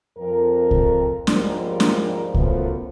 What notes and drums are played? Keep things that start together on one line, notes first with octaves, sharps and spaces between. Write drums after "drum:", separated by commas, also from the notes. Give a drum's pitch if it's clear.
F2 A#4
drum: kick C2
D#2 G#2 F3 G3 A#4 D5, drum: snare
drum: snare
F#2 F3 A3 B3 B4, drum: kick C2